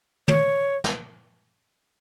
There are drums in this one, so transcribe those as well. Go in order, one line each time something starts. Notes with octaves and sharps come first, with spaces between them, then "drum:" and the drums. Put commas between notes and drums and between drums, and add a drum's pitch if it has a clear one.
C#5, drum: tom
drum: snare